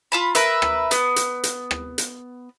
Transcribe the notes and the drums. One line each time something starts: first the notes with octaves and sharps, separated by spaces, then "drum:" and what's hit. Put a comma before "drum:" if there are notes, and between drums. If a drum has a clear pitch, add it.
F4 A5 B5
A#4 B4 E5, drum: hi-hat
drum: rim click
B3, drum: hi-hat
drum: hi-hat
drum: hi-hat
drum: rim click
drum: hi-hat